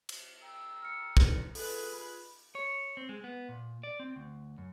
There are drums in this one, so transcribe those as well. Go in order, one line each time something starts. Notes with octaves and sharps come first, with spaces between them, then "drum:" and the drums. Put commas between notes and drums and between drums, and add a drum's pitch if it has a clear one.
drum: cymbal
G5 A#5 E6
F6 C#7
E3 B3 D#4, drum: kick
F4 G#4 A4 B4 F#6, drum: open hi-hat
B5
C#5
C4
G#3
B3
A#2
D5
C4
D2
F#2